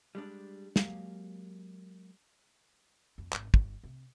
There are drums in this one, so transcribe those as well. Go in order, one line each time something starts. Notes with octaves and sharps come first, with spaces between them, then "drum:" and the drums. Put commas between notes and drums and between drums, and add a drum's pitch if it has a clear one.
G3 G#3 D4
F#3 G#3 A#3 G4 F5, drum: snare
F2
G#1, drum: clap
G1, drum: kick
C3